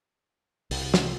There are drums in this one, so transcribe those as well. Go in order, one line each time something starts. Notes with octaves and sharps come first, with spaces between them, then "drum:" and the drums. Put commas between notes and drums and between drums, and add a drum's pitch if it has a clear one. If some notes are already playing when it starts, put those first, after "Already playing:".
C2, drum: open hi-hat
drum: snare